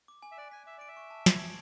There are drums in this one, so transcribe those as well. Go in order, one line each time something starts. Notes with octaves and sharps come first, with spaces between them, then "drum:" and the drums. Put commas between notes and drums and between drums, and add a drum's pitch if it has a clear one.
D6
G#5
E5
D5 F#6
G#5 B6
E5 D6
D5 D7
E5
C#6
A5
G#6, drum: snare
D7